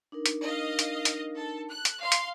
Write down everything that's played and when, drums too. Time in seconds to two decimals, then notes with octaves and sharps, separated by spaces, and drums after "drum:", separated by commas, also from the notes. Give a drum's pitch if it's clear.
0.12 D4 D#4 A#4
0.26 drum: hi-hat
0.45 D#5 F5
0.79 drum: hi-hat
1.05 drum: hi-hat
1.37 A4
1.69 F#6
1.85 drum: hi-hat
2.01 F5 C6
2.12 drum: hi-hat